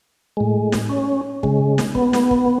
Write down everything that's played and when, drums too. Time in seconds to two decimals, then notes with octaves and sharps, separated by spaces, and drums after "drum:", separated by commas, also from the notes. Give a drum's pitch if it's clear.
0.37 A2 G#3
0.72 drum: snare
0.89 C#4
1.43 C#3 G#3, drum: kick
1.78 drum: snare
1.95 B3, drum: kick
2.13 drum: snare
2.31 drum: kick